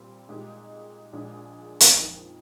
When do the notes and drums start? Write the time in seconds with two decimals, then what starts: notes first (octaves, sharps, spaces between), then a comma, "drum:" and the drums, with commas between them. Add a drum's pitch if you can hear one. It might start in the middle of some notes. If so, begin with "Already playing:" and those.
Already playing: A#2 G3 C4
0.29 A#2 G#3 D#4 G4
1.13 A#1 A#2 G#3 D4
1.80 drum: hi-hat
1.97 F2 D#3 A#3